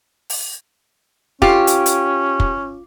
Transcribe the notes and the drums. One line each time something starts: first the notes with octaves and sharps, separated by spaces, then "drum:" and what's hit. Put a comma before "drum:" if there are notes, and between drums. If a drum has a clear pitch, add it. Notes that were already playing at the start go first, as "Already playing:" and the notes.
drum: open hi-hat
C#4 F4 G4, drum: kick
drum: hi-hat
drum: hi-hat
drum: kick